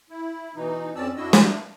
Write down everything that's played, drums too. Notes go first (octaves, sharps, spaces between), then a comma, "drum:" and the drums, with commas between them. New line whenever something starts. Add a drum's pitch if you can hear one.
E4
B2 E3 D#4
F2 C4 C#4 D5 A5 E6
F#2 D4 E4 F#4 D#5 E6
A3 A#3 D4, drum: snare